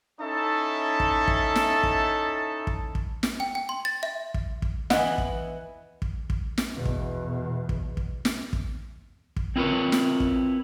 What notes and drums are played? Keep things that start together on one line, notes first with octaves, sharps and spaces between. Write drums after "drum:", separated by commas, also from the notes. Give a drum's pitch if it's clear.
C#4 D#4 E4 A4 E5 A5
drum: kick
drum: kick
drum: snare
drum: kick
drum: kick
drum: kick
drum: snare
G5
G5
C6
A6
E5
drum: kick
drum: kick
E3 B3 D#5 E5 F#5, drum: snare
drum: kick
drum: kick
drum: kick
drum: snare
E2 B2
drum: kick
drum: kick
drum: kick
drum: snare
drum: kick
drum: kick
C4 E4 F4 A#4 B4 C#5
drum: snare
drum: kick